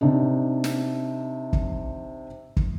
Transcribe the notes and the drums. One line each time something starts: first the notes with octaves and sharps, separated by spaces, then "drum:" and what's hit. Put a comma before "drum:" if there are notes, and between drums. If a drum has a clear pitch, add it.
C3 D4 D#4
drum: snare
drum: kick
drum: kick